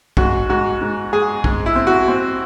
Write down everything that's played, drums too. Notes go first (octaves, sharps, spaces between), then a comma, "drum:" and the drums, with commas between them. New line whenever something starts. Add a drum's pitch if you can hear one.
G#2 F#4, drum: kick
G#2 F#4
G#2
G#3 G#4
G#2, drum: kick
E4
C4
F#4
C4